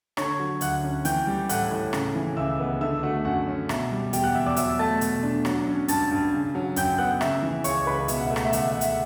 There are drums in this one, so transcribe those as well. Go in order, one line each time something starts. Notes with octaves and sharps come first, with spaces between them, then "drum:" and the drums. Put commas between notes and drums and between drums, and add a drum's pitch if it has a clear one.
D3 C#5 C#6, drum: rim click
F#3
D2 F#5 F#6, drum: hi-hat
C#4
E3 G5 G6, drum: hi-hat
G3
A2 F#5 F#6, drum: hi-hat
A2
C#3, drum: rim click
E3
C#2 E5 E6
B3
D3 E5 E6
A3 F#4 F#5
F#2 F#4 F#5
C#4
B2 E5, drum: rim click
G3
E2 G4 G5, drum: hi-hat
F#5 F#6
E2 E5 E6
D5 D6
F#3 E5 E6, drum: hi-hat
A3 A5 A6
B2, drum: hi-hat
D4
F#3, drum: rim click
C#4
G2 A5 A6, drum: hi-hat
G2
C#3
F#3
F#2 G5 G6, drum: hi-hat
B3 F#5 F#6
C#3 E5 E6, drum: rim click
E3
C#2 C#5 C#6, drum: hi-hat
C#2 B4 B5
B2 E5, drum: hi-hat
F#5
A3 E5
F#5, drum: rim click
E5
C#2 F#5, drum: hi-hat
E5
C#2 F#5
E5, drum: hi-hat
F#5